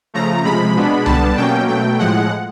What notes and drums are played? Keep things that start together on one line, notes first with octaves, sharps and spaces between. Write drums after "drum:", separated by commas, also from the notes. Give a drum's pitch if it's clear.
C#3 F3 A3 A#5
C3 F3 G#3 B5
B2 G#3 B3 D4
D3 G3 B3 D4 A5, drum: tom C2
B2 F#3 A#3 C#4 G5
B2 F#3 A3 G5
A2 F3 G#3 F#5